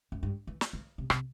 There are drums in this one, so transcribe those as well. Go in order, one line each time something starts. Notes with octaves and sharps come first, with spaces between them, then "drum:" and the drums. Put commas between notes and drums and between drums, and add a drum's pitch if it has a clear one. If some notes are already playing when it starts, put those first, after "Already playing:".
F#2
G2
E3
drum: snare
E3
C3
C3, drum: rim click